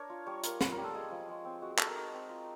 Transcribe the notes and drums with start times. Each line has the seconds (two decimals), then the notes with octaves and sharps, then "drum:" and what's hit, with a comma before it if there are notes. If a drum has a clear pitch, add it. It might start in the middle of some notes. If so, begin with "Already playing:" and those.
Already playing: D4 A#4 C#5
0.10 F4
0.27 G3 C#5
0.43 F4 A#4, drum: hi-hat
0.61 F4 B4, drum: snare
0.72 A#4
0.77 G3
0.84 A4
0.94 G#3 G#4
1.11 F3
1.29 G#3
1.45 C4
1.62 G#3 F#4
1.71 G#4
1.79 G#3 A4, drum: clap
1.88 A#4
1.96 D#4 D#5
2.13 C4
2.29 F4